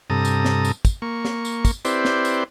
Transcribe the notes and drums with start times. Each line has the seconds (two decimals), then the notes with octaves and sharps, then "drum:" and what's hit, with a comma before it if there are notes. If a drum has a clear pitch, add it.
0.10 G2 C3 A4 A#5 D#6
0.25 drum: tambourine
0.45 drum: snare
0.65 drum: tambourine
0.85 drum: kick, tambourine
1.02 A#3 C#6
1.25 drum: snare
1.45 drum: tambourine
1.65 drum: kick, tambourine
1.85 C4 E4 G4 B4 C5 D5, drum: tambourine
2.05 drum: snare
2.25 drum: tambourine